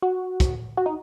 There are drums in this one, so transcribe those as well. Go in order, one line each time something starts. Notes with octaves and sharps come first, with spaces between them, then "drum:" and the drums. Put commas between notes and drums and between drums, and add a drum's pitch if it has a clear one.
F#4
drum: kick, hi-hat
F#4
D#4